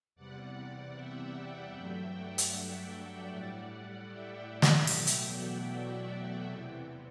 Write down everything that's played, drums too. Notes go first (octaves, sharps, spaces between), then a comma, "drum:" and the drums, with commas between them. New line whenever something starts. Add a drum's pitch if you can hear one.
E2 C3 G3 D5 F#5
E5 G5
D5 F#5
G2 F#3 A3 E5 G5
D5 F#5
drum: hi-hat
E5 G5
E5 G5
A2 G3 D5 F#5
D5 F#5
E5 G5
E5 G5
drum: snare
E2 B2 F#3 A3 E5 G5, drum: open hi-hat
drum: hi-hat
D5 F#5
D5 F#5
E2 C3 E3